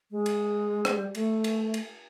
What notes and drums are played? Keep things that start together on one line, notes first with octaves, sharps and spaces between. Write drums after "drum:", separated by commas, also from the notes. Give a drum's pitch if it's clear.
G#3
drum: cymbal
G#3, drum: rim click
G3
A3, drum: cymbal
drum: cymbal
drum: cymbal